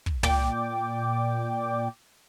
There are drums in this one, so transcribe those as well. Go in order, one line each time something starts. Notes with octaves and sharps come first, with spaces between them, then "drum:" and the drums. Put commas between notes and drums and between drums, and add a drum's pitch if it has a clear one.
drum: kick
A#2 D5 G5 D6, drum: tom